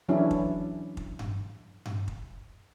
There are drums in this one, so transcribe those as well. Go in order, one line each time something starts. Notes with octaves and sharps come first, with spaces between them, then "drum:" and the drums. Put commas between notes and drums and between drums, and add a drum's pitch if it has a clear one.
E3 F#3 C#4 D4 E4
drum: kick
drum: kick
drum: tom G2
drum: tom G2
drum: kick